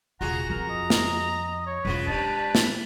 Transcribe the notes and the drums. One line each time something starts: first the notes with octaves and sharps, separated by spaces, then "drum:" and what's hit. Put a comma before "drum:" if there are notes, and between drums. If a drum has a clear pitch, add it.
E1 C#3 F4 F#4 G#4 F#5 A#5
F2 A#4 A#5
D#5
drum: snare
C#5
E1 E2 C#3 B3 F4 B4
G2 C3 G#3 A5
drum: snare